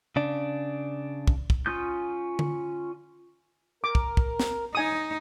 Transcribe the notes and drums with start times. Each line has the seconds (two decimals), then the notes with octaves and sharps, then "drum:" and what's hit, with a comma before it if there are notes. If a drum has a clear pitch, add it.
0.16 C#3 D4
1.28 drum: kick
1.50 drum: kick
1.66 C#4 F4 D#6 G6
2.39 drum: tom D3
3.84 A#4 D6
3.95 drum: kick
4.17 drum: kick
4.40 drum: snare
4.75 D#4 G#5 D#6